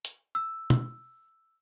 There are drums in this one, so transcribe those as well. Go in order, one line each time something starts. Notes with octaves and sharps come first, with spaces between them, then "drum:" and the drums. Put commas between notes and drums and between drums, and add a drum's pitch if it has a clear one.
drum: hi-hat
E6
drum: tom